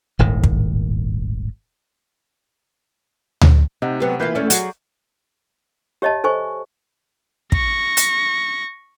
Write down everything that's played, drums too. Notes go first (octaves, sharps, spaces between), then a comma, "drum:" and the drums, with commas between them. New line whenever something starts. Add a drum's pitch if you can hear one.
D#1 G#1 A2 D#3
drum: kick
drum: tom D2
C3 D#4 F#5
F#3 B3 G4
E3 A#3 E4 F4 B4 G6
E2 A3 C#4 D5
F#3 F#4 G#4, drum: hi-hat
G4 C#5 D#5 E5 A5
A4 C5 G#5 C#6
C#6 A#6, drum: kick
drum: hi-hat